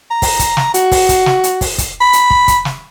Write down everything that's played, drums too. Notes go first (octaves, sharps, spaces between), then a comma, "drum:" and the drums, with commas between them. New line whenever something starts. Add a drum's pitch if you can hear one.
A#5
drum: kick, open hi-hat
drum: kick, hi-hat
drum: snare
F#4, drum: hi-hat
drum: kick, open hi-hat
drum: kick, hi-hat
drum: snare
drum: hi-hat
drum: kick, open hi-hat
drum: kick, hi-hat
B5
drum: hi-hat
drum: kick
drum: kick, hi-hat
drum: snare